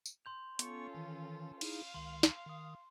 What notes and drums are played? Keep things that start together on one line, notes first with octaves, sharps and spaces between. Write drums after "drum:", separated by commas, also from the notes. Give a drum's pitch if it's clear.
drum: tambourine
C6 G6 F7
B3 C#4 F4 A4 C#6 C#7, drum: hi-hat
D#3 E3
D#4 E4 G#4 F5, drum: cymbal
C#2 D#3 C6
drum: snare
D#3 D#6